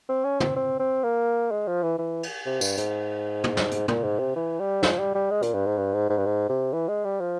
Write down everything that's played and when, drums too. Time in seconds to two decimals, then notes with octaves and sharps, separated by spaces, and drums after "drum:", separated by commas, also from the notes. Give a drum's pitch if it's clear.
0.09 C4
0.25 C#4
0.40 C4, drum: tom
0.56 C4
0.80 C4
1.04 A#3
1.51 G#3
1.67 F3
1.83 E3
1.98 E3
2.23 drum: cymbal
2.46 C3
2.61 G2, drum: tambourine
2.77 G#2, drum: hi-hat
3.44 drum: tom
3.57 drum: snare
3.71 drum: hi-hat
3.88 A#2, drum: tom
4.03 G#2
4.19 C3
4.36 E3
4.59 G3
4.83 F3, drum: snare
4.99 G3
5.15 G3
5.30 G#3
5.42 A#2, drum: hi-hat
5.54 G2
5.66 G#2
5.78 G2
5.94 G#2
6.09 G#2
6.17 G2
6.25 G#2
6.49 C3
6.73 E3
6.88 G#3
7.04 G3
7.20 F3